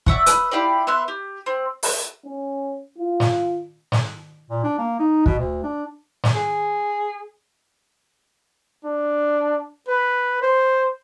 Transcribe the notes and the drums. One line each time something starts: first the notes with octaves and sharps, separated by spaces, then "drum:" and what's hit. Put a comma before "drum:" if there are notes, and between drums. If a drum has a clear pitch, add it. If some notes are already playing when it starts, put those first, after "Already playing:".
D5 E5 F#5 C#6, drum: kick
B4 E5 D#6 F#6, drum: hi-hat
E4 F4 G4 D5
B3 E5 C6 F#6
G4
C4
drum: open hi-hat
C#4
F4
drum: snare
drum: snare
A#2
D4
A#3
D#4
B2, drum: kick
D2
D4
drum: snare
G#4
D4
B4
C5